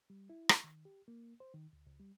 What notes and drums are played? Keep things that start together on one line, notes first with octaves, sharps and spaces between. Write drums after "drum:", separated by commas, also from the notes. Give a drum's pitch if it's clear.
G3
E4
drum: rim click
D#3
G4
A#3
C5
D#3
D2
C#2
G3